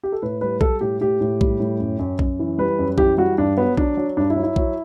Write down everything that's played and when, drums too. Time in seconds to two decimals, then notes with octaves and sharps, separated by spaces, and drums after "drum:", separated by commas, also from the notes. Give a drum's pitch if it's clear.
0.03 G4
0.12 A4
0.22 A2 B4
0.41 G3 B4
0.61 G3 A4, drum: kick B1
0.81 A2 G4
1.01 A2 G4
1.21 A2
1.41 G3, drum: kick B1
1.60 A2
1.80 F#2
1.99 F#2
2.19 F#2, drum: kick B1
2.39 E3
2.58 G3 B4
2.79 F#2
2.98 E3 G4, drum: kick B1
3.18 G3 F#4
3.38 G2 D4
3.57 F#3 B3
3.77 F#3 D4, drum: kick B1
3.97 F#3
4.17 G2 D4
4.30 E4
4.36 F#3
4.43 E4
4.56 F#3, drum: kick B1